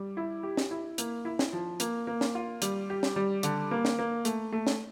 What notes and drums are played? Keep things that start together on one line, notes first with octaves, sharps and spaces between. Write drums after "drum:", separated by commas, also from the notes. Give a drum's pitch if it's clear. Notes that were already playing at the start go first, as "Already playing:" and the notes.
Already playing: G3
E4
G4
drum: snare
E4
A#3, drum: hi-hat
E4
drum: snare
F3
A#3, drum: hi-hat
A#3
drum: snare
F4
G3, drum: hi-hat
G4
drum: snare
G3
D3, drum: hi-hat
A#3
drum: snare
A#3
A3, drum: hi-hat
A3
drum: snare